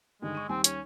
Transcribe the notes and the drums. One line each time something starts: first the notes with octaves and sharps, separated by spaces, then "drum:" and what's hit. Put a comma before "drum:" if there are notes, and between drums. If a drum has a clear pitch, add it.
G2 D3 D#3 G#3
C#6 D#7
D#2 G3 C4 G#5
C#4, drum: hi-hat